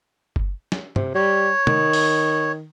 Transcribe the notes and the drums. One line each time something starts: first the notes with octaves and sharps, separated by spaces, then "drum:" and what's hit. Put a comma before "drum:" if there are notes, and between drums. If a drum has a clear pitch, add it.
drum: kick F#1
drum: snare
C3, drum: tom
G3 C#5
D#3, drum: tom
drum: open hi-hat